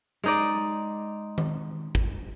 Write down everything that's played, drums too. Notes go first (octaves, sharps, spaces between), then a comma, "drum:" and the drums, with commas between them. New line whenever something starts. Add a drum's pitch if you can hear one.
G#3 D#4 D5
drum: tom D#3
drum: kick